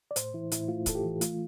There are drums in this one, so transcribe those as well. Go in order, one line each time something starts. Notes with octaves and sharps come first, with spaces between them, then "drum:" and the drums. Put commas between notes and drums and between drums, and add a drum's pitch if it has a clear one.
D5
A2 C5, drum: hi-hat
E3 E4
A2 E4, drum: hi-hat
A3 F4
A2 A4, drum: kick, hi-hat
G4
E3
A3 F4, drum: hi-hat